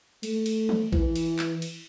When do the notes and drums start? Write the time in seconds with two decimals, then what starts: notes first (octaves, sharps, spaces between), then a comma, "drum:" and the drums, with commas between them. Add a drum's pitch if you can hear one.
0.23 A3, drum: cymbal
0.46 drum: cymbal
0.69 drum: tom
0.93 E3, drum: kick A1
1.16 drum: cymbal
1.39 drum: clap
1.62 drum: cymbal